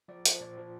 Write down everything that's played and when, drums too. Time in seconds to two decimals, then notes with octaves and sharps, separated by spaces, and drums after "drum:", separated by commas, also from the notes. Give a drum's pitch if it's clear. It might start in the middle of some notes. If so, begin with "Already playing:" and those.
0.08 F3 D5
0.26 F3, drum: hi-hat
0.32 C5
0.40 A#2 D5
0.57 F3